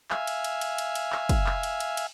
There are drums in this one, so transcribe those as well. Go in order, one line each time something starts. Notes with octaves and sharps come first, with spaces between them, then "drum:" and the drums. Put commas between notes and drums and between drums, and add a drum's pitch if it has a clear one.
E5 F5 G#5, drum: clap
drum: cymbal
drum: cymbal
drum: cymbal
drum: cymbal
drum: cymbal
drum: clap
drum: kick, cymbal
drum: clap
drum: cymbal
drum: cymbal
drum: cymbal